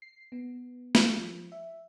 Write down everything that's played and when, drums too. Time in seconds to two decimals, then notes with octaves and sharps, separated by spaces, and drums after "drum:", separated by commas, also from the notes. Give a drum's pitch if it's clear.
0.02 C7
0.32 B3
0.95 drum: snare
1.18 F3
1.52 E5